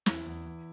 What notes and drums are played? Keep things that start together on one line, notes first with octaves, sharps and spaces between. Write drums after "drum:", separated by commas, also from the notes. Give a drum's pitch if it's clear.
E2 E4, drum: snare
E2
E2